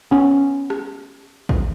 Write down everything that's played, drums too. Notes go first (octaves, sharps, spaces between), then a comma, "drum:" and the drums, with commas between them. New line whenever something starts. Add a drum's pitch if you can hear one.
B3 C#4
drum: rim click
drum: kick